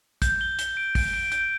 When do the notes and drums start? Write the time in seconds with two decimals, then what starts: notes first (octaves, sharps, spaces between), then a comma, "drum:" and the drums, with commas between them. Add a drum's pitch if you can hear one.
0.22 G6, drum: kick, hi-hat
0.41 G7
0.59 G7, drum: hi-hat
0.77 D7
0.95 D7, drum: kick, open hi-hat
1.14 D7
1.32 G6, drum: hi-hat